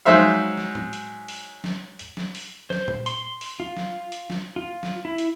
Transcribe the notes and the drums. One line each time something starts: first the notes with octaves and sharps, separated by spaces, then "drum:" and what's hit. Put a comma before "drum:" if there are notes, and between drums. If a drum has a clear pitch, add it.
F#3 G#3 D#4 C5 E5 F5
drum: snare
drum: tom A2
drum: hi-hat
drum: open hi-hat
drum: snare
drum: hi-hat
drum: snare
drum: open hi-hat
C5, drum: snare
drum: tom A#2
C6, drum: hi-hat
drum: open hi-hat
F4
drum: snare
drum: hi-hat
drum: snare
F4
drum: snare
E4
drum: hi-hat